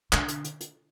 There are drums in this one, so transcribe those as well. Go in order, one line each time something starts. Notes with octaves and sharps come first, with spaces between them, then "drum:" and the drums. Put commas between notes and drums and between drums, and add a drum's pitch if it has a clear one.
D3, drum: clap
drum: hi-hat
drum: hi-hat
drum: hi-hat